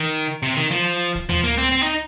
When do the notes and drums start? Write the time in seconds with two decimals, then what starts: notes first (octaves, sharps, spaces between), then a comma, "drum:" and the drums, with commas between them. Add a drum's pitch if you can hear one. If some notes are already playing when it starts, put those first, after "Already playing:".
Already playing: D#3
0.43 C3
0.56 D#3
0.71 F3
1.15 drum: kick
1.29 F3, drum: tom D2
1.44 A#3
1.58 C4
1.72 C4
1.83 D#4